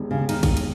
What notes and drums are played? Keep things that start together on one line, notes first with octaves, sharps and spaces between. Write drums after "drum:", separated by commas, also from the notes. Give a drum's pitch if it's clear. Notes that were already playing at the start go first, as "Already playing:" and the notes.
Already playing: E1 D#2 D#3
C#3
D#3, drum: cymbal
drum: kick, cymbal
drum: cymbal